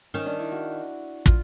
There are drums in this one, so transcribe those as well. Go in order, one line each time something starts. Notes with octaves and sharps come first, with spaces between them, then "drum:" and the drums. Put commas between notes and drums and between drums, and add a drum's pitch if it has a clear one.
D#3 C#4
D4
E4
F#4
F4, drum: kick